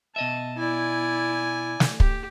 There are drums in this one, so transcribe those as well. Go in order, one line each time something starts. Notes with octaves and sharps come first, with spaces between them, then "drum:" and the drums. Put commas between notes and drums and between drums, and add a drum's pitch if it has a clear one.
B2 D#5 E5 A5
E4 D5 G#5
drum: snare
G4, drum: kick